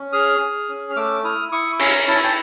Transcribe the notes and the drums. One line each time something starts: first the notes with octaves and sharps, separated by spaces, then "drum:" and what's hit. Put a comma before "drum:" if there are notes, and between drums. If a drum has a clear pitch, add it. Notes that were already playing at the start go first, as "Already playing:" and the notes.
Already playing: C#4
G#4 D#6 F6
G#4
C#4
F6
A3 D6 E6
E4 D#6 F6
E4 C#6 D#6
C#4 G#5 A#5, drum: cymbal
E4 A5
G#5
G5 A5